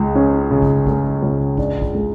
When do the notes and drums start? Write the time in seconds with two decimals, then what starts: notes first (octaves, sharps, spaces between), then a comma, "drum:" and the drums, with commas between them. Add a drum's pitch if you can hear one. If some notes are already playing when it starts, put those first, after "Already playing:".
Already playing: C#2 G#3
0.15 C#4
0.51 C#3
0.62 drum: kick A1
0.87 G#3, drum: kick A1
1.22 C#2
1.58 D4, drum: kick A1
1.82 drum: kick A1
1.94 G#3